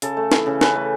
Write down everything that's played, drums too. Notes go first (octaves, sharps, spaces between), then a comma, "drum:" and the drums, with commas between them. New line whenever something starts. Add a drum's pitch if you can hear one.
C#3 A4, drum: hi-hat
A3
E3, drum: snare
C#3
C#3 B4, drum: snare
A3